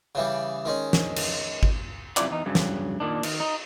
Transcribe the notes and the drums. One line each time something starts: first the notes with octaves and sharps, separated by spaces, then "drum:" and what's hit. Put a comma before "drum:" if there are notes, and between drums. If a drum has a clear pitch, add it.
C#3 E3 G3
D#3 G#3 C#4
drum: snare
drum: cymbal
drum: kick G#1
F#2 C3 E4 F4 D5, drum: clap
E2 D#4
G2 C#3 F#3
drum: snare
A#2 D#3 D4
D#3, drum: cymbal
D#4